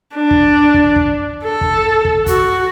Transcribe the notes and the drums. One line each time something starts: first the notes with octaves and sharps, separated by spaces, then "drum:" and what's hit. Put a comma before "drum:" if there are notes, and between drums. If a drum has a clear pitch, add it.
D4
drum: kick
drum: kick
drum: kick
A4
drum: kick
drum: kick
F#4, drum: kick, hi-hat